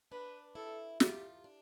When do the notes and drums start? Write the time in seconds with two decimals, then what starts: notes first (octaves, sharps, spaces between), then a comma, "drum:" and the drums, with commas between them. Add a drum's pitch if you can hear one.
0.12 D4 B4
0.55 E4 A4
1.00 F4 G4, drum: snare
1.44 D4